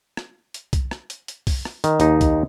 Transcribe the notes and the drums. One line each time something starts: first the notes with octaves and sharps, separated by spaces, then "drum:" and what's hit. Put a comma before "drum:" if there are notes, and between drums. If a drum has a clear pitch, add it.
drum: rim click
drum: hi-hat
drum: kick C2, hi-hat
drum: rim click
drum: hi-hat
drum: hi-hat
drum: kick C2, open hi-hat
drum: rim click
D#3, drum: hi-hat
D#2 D#4, drum: hi-hat
drum: kick C2, hi-hat